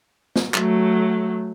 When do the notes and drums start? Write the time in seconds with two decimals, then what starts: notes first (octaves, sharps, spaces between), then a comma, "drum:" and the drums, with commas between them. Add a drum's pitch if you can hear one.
0.36 drum: snare
0.54 F#3 A3, drum: clap